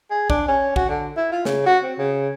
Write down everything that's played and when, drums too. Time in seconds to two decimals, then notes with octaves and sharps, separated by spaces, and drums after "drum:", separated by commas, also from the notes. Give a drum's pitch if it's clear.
0.10 G#4
0.30 D4, drum: kick
0.48 C#4
0.76 F#4, drum: kick
0.89 D3
1.17 E4
1.32 F4
1.45 C#3, drum: snare
1.66 F#4
1.84 C4
1.98 C#3